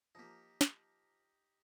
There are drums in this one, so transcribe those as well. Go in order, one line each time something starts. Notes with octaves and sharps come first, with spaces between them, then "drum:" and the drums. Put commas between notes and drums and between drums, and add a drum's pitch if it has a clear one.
F3 A#3 D#4 G4
drum: snare